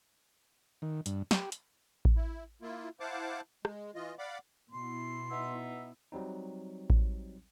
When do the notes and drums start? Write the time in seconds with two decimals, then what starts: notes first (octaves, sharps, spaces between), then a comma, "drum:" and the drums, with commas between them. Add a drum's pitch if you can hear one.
0.82 D#3
1.06 G2, drum: hi-hat
1.31 G4, drum: snare
1.52 drum: hi-hat
2.05 drum: kick A1
2.16 E4
2.62 A#3 E4 F4
3.00 E4 C5 F5 F#5 A5 D6
3.65 G#3, drum: rim click
3.95 E3 F4 D#5
4.19 D5 F5 F#5 B5 D6
4.71 B2 E4 C6
5.30 B3 D#4 E5
6.12 F#3 G3 C4 D#4
6.90 drum: kick A1